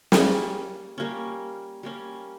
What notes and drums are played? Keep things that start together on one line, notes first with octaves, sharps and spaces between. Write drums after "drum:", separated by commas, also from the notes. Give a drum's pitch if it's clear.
G3 A#3 C#4, drum: snare
G3 A#3 C#4
G3 A#3 C#4